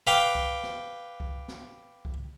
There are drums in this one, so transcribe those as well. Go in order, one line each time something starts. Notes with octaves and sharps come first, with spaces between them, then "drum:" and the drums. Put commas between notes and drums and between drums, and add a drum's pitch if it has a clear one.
B4 F5 G5 D6
drum: kick C2
drum: snare
drum: kick C2
drum: snare
drum: kick C2